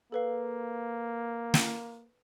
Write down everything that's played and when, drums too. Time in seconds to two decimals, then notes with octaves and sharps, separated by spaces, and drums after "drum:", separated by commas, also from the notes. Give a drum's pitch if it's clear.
0.12 A#3 A4 B4 F5
1.54 drum: snare